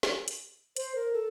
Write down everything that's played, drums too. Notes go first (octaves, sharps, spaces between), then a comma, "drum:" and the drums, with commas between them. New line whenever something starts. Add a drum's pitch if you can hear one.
drum: snare
drum: hi-hat
C5, drum: hi-hat
A#4
A4